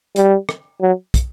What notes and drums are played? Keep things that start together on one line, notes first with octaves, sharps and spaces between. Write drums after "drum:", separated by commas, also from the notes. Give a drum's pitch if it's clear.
G3, drum: hi-hat
drum: rim click
F#3
drum: kick, hi-hat